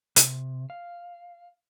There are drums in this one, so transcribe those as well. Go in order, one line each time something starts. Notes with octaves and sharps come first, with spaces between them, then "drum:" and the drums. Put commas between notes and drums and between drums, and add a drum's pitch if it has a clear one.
C3, drum: hi-hat
F5